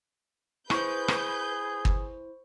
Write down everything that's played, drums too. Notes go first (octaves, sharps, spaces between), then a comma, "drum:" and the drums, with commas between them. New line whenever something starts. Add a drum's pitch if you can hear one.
E4 G#4 B4 C5 C#6 G6, drum: rim click
drum: rim click
drum: kick